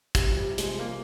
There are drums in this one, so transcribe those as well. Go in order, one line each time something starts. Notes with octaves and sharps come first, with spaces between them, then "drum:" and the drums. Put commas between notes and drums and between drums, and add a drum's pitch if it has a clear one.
C3 G3, drum: kick, hi-hat
F3
G3
C3
G#3, drum: hi-hat
F3
C3 A#3